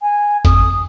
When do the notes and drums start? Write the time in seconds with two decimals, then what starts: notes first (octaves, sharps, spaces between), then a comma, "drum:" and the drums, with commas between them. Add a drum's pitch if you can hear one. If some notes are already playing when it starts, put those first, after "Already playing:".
0.02 G#5
0.45 F2 D#6, drum: kick G1, hi-hat